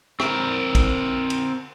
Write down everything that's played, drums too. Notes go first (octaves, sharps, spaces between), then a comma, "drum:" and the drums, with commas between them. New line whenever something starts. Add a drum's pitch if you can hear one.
C4 A#4, drum: rim click
drum: kick, cymbal
drum: cymbal